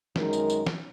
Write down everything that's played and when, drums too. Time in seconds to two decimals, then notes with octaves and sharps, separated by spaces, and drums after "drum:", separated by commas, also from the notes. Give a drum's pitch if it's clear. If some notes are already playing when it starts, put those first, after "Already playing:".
0.16 F#2 D#3 G#3 D#4 A#4, drum: snare
0.33 drum: tambourine
0.50 drum: tambourine
0.67 drum: snare